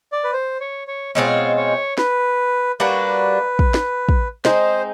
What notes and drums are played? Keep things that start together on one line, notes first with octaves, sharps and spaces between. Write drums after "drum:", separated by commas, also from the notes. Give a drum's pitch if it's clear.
D5
B4
C5
C#5
C#5
B2 G#3 C4 F4 C#5
C#5
B4, drum: snare
G3 A#3 D4 F#4 B4
drum: kick
drum: snare
drum: kick
G#3 C4 D#4 C5, drum: snare